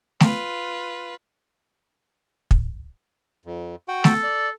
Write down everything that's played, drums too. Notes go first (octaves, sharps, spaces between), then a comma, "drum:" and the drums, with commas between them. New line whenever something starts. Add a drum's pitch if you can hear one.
F4 B4, drum: snare A3
drum: kick
F2
F#4 F#5 G5
A4, drum: snare A3
D5